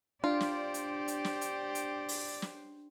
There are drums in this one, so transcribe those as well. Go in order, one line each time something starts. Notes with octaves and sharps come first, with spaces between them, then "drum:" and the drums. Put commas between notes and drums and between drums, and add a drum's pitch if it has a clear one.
D4 F4 G4 C5 D5
drum: snare
drum: hi-hat
drum: hi-hat
drum: snare
drum: hi-hat
drum: hi-hat
drum: open hi-hat
drum: snare